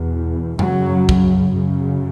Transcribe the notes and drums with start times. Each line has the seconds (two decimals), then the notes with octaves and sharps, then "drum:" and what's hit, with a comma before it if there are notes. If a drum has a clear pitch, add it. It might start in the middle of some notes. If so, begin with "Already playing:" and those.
Already playing: E2 B2
0.59 F#2 C#3 F#3, drum: tom F#2
1.09 drum: kick
1.50 F#2 C#3